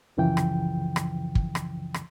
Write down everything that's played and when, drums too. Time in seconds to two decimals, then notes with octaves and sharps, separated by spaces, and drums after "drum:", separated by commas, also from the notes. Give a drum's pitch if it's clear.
0.17 C2 F#2 C#3 E3 F3 G5
0.37 drum: rim click
0.96 drum: rim click
1.35 drum: kick
1.55 drum: rim click
1.94 drum: rim click